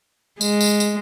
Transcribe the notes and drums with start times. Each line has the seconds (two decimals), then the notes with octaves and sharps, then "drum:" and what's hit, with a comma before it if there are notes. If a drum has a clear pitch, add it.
0.41 G#3, drum: tambourine
0.61 drum: tambourine
0.80 drum: tambourine